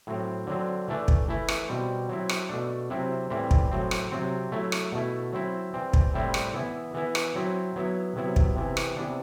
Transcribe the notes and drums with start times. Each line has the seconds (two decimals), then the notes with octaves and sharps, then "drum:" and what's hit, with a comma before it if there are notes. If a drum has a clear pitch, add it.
0.07 A2 F#3 C4
0.47 D3 F#3 C4
0.88 E3 A3 D4
1.08 drum: kick
1.28 E3 A3 E4
1.48 drum: rim click
1.69 B2 G3 C4
2.09 F#3 C4 E4
2.29 drum: rim click
2.49 B2 A3 D4
2.90 C3 F#3 C4 E4
3.30 A2 E3 G3 C4 E4
3.51 drum: kick
3.71 A2 F#3 C4
3.91 drum: rim click
4.12 C3 F#3 C4
4.52 F#3 A3 E4
4.72 drum: rim click
4.92 B2 A3 E4
5.33 F#3 C4 E4
5.73 E3 G3 C4
5.93 drum: kick
6.14 A2 G3 C4 E4
6.34 drum: rim click
6.54 E3 B3 E4
6.94 E3 B3 E4
7.15 drum: rim click
7.35 F#3 C4 E4
7.76 F#3 B3 E4
8.16 C3 F#3 B3 E4
8.36 drum: kick
8.56 C3 E3 B3 E4
8.77 drum: rim click
8.97 C3 E3 B3 D4